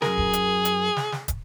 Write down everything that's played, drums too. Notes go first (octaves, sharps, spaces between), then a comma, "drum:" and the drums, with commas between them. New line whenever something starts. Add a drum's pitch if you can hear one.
F#2 G#4 A#4, drum: snare
drum: kick
drum: hi-hat
drum: hi-hat
drum: snare
drum: snare
drum: kick, hi-hat